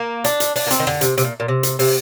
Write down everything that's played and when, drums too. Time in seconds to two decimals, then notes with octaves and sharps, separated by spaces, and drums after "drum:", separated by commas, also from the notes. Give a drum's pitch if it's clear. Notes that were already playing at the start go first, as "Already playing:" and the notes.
Already playing: A#3
0.24 D4, drum: hi-hat
0.40 drum: hi-hat
0.56 D4, drum: open hi-hat
0.67 A#3
0.71 C4, drum: hi-hat
0.80 D#3
0.87 D3, drum: rim click
1.01 C3, drum: hi-hat
1.18 C3, drum: hi-hat
1.24 A#2
1.40 A#2
1.48 C3
1.63 drum: hi-hat
1.79 C3, drum: open hi-hat